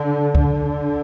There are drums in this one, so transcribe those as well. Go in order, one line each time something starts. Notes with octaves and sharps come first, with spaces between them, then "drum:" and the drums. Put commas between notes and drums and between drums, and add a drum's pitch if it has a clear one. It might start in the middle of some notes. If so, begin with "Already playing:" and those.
Already playing: D3
D3, drum: kick